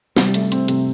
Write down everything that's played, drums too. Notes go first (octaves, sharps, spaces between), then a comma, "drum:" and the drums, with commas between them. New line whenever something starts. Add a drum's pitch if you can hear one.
C3 G3, drum: snare
A3, drum: hi-hat
C4, drum: hi-hat
C3, drum: hi-hat